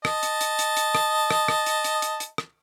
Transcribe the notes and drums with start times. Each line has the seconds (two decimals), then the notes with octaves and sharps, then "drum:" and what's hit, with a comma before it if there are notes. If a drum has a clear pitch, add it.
0.05 D#5 A5, drum: rim click
0.23 drum: hi-hat
0.41 drum: hi-hat
0.59 drum: hi-hat
0.77 drum: hi-hat
0.95 drum: rim click
1.31 drum: rim click
1.48 drum: rim click
1.66 drum: hi-hat
1.84 drum: hi-hat
2.02 drum: hi-hat
2.20 drum: hi-hat
2.38 drum: rim click